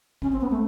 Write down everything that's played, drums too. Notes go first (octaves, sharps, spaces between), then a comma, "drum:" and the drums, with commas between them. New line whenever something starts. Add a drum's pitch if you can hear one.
C#4, drum: kick
C4
B3
A3